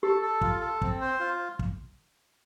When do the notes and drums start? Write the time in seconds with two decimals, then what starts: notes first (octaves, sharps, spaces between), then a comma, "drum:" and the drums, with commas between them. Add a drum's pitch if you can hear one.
0.03 G4 A4
0.22 A4
0.41 F4, drum: kick
0.61 A4
0.81 C4, drum: kick
1.01 C5
1.20 F4
1.59 drum: kick